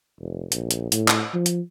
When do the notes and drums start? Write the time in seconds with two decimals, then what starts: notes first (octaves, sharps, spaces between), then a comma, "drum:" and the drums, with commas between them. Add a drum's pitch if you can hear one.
0.20 F1
0.52 A#1, drum: hi-hat
0.71 drum: hi-hat
0.92 A2, drum: hi-hat
1.08 drum: clap
1.34 F3
1.46 drum: hi-hat